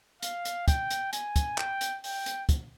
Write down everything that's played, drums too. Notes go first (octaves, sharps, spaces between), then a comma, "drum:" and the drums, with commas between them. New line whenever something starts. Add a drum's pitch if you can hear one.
F5, drum: hi-hat
drum: hi-hat
G5, drum: kick, hi-hat
drum: hi-hat
G#5, drum: hi-hat
drum: kick, hi-hat
G5, drum: clap
drum: hi-hat
G5, drum: open hi-hat
drum: hi-hat
drum: kick, hi-hat